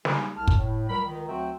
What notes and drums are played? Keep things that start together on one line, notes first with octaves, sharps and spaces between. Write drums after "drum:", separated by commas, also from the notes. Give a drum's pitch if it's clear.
G3 G#3 A#3 D#4 G4 G#4, drum: snare
C2 A5 F6
drum: kick
A2
C#2 F#3 G3 A#4 B5
C#2 D#3
D2 F#3 C4 F#4 E5 G5